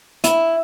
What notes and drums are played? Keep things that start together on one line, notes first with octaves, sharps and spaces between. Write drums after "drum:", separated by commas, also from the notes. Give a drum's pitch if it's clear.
E4, drum: hi-hat